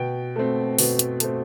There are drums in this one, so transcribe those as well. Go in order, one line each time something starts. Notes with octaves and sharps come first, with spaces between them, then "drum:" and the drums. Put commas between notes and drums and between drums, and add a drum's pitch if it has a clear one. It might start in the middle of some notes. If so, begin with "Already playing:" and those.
Already playing: B2 G5
A3 C4
B2, drum: open hi-hat
drum: hi-hat
A3 C4, drum: hi-hat